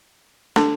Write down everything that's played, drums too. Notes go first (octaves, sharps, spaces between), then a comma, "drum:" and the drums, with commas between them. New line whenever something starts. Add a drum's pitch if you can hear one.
D3, drum: snare